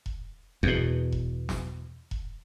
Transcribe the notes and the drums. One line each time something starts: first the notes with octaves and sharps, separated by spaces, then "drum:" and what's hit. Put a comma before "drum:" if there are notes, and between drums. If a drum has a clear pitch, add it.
drum: kick E1
E2 B2, drum: kick E1
drum: kick E1
drum: snare
drum: kick E1